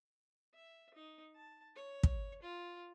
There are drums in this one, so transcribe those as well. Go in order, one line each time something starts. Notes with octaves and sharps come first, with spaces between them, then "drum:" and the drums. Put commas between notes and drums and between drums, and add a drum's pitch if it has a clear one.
E5
D#4
A5
C#5
drum: kick
F4